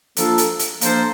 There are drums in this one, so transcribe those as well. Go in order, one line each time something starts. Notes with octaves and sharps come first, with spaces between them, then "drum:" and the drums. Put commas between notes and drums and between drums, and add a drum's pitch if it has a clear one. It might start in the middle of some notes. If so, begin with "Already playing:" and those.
F3 A#3 D4 F4 A4, drum: hi-hat
drum: hi-hat
drum: hi-hat
F3 A#3 D4 A4 C5, drum: hi-hat